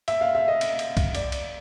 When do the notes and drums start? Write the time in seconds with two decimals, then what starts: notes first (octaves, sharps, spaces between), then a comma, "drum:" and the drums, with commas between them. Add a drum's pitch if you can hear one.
0.08 E5, drum: cymbal
0.21 F5
0.35 E5
0.48 D#5
0.61 drum: cymbal
0.79 drum: cymbal
0.97 drum: kick C2, cymbal
1.15 D5, drum: cymbal
1.32 drum: cymbal